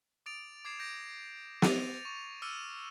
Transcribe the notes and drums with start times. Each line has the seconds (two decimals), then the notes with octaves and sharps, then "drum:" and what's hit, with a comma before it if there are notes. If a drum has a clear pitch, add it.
0.26 D6 D#6 A6 D7 F7
0.65 D6 G#6 C7 E7
0.79 G6 A#6 D7
1.62 A6 C#7 D#7 F7, drum: snare
2.05 C#6
2.42 D6 E6 F6 G6 C#7 D#7